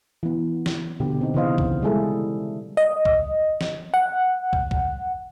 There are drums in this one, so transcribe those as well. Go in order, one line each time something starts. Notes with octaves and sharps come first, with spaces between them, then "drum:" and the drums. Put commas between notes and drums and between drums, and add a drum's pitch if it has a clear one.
E3 B3
drum: snare
B2 D3 B3 G4
C4 D#4
C#3 E3 B3 C5 D#5 F5
drum: kick
G3 G#3 E4 G#4 A4 E5
D#5
drum: kick
drum: snare
F#5
drum: kick
drum: kick